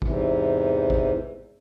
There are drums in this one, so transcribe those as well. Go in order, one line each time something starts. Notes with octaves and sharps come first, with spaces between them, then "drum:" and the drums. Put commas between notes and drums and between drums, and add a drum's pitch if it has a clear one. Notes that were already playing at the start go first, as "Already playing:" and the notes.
E2 G#2 C3 E3, drum: kick
drum: kick